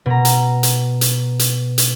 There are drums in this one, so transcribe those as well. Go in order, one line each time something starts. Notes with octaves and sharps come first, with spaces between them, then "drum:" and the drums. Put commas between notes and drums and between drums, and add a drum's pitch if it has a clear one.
B2 A#5
drum: hi-hat
drum: hi-hat
drum: hi-hat
drum: hi-hat
drum: hi-hat